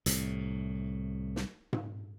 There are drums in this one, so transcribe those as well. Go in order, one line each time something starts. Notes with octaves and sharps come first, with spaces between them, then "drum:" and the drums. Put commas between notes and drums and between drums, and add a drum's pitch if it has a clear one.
C2 A2, drum: hi-hat
drum: snare
drum: tom G#2